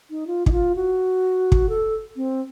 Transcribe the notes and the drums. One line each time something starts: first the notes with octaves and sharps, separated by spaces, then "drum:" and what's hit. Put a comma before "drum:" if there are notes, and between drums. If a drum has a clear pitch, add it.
D#4
F4
D#4, drum: kick
F4
F#4
drum: kick
A4
C4